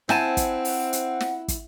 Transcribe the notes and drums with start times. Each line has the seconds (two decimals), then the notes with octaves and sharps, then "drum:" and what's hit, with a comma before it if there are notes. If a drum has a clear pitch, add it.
0.09 C4 E4 C5 F#5 G#5 A5, drum: snare
0.37 drum: kick, hi-hat
0.65 drum: open hi-hat
0.93 drum: hi-hat
1.20 drum: snare
1.48 drum: kick, hi-hat